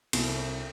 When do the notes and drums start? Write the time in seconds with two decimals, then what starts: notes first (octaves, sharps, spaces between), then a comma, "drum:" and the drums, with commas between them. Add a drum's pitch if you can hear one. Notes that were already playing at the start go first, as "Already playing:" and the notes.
0.13 C2, drum: cymbal